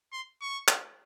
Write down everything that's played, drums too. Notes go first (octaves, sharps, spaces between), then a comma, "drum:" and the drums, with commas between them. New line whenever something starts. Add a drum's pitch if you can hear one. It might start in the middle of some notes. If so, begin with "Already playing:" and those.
C6
C#6
drum: clap